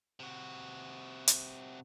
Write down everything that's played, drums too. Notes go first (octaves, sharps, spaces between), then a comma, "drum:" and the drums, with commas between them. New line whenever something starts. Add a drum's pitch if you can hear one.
C3 F#4
drum: hi-hat